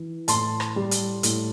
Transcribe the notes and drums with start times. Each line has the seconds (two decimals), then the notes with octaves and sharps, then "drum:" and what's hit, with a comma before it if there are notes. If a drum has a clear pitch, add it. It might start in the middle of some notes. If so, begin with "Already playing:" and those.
Already playing: E3
0.28 A2 A5 C6, drum: hi-hat
0.60 drum: rim click
0.76 G3
0.91 drum: hi-hat
1.23 A2, drum: hi-hat